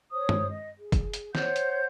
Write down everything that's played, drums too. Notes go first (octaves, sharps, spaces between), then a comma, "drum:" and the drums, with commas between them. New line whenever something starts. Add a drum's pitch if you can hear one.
C5 C#5 D#6
drum: tom G2
D#5
G#4
drum: kick, hi-hat
drum: hi-hat
C5 C#5 F#5 G6, drum: snare
drum: hi-hat